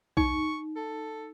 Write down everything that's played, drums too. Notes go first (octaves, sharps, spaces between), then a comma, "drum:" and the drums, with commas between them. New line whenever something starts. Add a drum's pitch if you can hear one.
D#4 C#6, drum: kick B1
A4